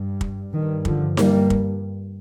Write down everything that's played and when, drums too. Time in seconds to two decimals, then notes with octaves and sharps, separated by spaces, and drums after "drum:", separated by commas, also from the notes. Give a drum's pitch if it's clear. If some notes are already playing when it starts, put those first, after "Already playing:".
Already playing: G2
0.21 drum: kick
0.53 G2 D#3
0.85 D3 F3, drum: kick
1.17 G2 G3 A#3, drum: snare D#4
1.50 drum: kick